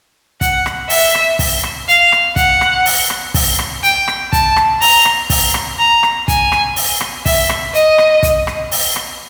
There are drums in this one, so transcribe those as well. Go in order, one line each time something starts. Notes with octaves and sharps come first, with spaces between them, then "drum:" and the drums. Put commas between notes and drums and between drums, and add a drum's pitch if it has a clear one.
F#5, drum: kick, hi-hat
drum: rim click
E5, drum: open hi-hat
drum: rim click
drum: kick, open hi-hat
drum: rim click
F5, drum: hi-hat
drum: rim click
F#5, drum: kick, hi-hat
drum: rim click
drum: open hi-hat
drum: rim click
drum: kick, open hi-hat
drum: rim click
G5, drum: hi-hat
drum: rim click
A5, drum: kick, hi-hat
drum: rim click
A#5, drum: open hi-hat
drum: rim click
drum: kick, open hi-hat
drum: rim click
A#5
drum: rim click
G#5, drum: kick, hi-hat
drum: rim click
drum: open hi-hat
drum: rim click
E5, drum: kick, open hi-hat
drum: rim click
D#5, drum: hi-hat
drum: rim click
drum: kick, hi-hat
drum: rim click
drum: open hi-hat
drum: rim click